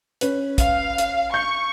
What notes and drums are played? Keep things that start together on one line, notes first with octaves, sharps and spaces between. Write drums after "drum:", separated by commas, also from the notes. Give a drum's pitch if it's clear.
C#4 B4, drum: hi-hat
F5, drum: kick, hi-hat
drum: hi-hat
C#6 G6